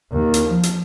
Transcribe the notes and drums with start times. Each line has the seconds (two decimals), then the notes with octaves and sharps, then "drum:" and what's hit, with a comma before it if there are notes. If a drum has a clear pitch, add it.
0.12 D#2
0.34 drum: hi-hat
0.49 F3
0.63 drum: hi-hat